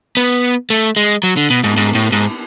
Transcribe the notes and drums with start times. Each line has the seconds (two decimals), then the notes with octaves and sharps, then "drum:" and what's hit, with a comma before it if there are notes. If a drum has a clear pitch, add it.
0.17 B3
0.70 A3
0.96 G#3
1.23 F#3
1.37 D3
1.50 B2
1.64 G#2, drum: cymbal
1.77 G#2
1.95 A2
2.12 G#2